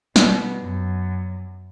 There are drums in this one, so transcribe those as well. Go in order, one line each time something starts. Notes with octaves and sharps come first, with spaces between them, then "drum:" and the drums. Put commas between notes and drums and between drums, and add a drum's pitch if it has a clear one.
B2, drum: snare
F#2